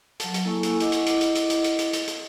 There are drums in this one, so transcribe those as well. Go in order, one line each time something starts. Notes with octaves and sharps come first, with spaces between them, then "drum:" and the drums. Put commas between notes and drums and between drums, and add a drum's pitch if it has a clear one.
F#3 A5, drum: hi-hat
drum: hi-hat
A#3 E4 A4 G#5 C#6 E6
drum: hi-hat
E4 D#5 F#5 D6, drum: hi-hat
drum: hi-hat
drum: hi-hat
drum: hi-hat
drum: hi-hat
drum: hi-hat
drum: hi-hat
drum: hi-hat
drum: hi-hat
drum: hi-hat